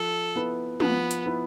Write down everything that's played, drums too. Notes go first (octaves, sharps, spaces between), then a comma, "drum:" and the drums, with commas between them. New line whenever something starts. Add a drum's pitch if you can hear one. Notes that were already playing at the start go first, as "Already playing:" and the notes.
Already playing: F3 A4
B3 E4 B4
F3 B3, drum: tom
drum: hi-hat
B3 E4 B4